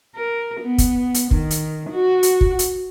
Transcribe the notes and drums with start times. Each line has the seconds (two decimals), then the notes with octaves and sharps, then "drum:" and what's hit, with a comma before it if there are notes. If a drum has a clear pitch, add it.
0.15 A#4
0.60 B3
0.78 drum: kick, hi-hat
1.14 drum: hi-hat
1.31 D#3, drum: kick
1.51 drum: hi-hat
1.90 F#4
2.23 drum: hi-hat
2.41 drum: kick
2.59 drum: hi-hat